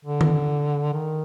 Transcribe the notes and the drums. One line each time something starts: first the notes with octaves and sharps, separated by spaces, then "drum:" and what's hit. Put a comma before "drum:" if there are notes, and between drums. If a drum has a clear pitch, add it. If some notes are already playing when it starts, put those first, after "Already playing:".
D3
drum: tom D#3
D#3